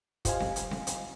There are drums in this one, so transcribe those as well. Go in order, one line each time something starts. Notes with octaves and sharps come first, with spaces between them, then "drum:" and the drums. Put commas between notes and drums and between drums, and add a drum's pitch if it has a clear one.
F4 G4 C5 D#5 F5 G#5, drum: kick, hi-hat
drum: snare C4
drum: hi-hat
drum: snare C4
drum: hi-hat